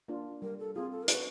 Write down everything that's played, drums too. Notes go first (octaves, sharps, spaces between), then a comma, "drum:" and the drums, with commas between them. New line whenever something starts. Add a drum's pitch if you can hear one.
A#3 D4 F4
G3 A#4
A4
C4 F4 G#4
A4
A#4
F#4 B4, drum: hi-hat